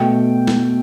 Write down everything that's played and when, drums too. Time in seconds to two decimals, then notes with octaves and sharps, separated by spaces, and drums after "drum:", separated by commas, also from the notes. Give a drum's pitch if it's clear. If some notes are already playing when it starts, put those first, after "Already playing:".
Already playing: B2 A3 G5
0.47 drum: snare